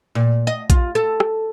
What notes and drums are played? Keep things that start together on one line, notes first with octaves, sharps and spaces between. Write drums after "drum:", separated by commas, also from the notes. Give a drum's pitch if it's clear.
A#2
D#5
F4, drum: kick A#1, hi-hat
A4
drum: rim click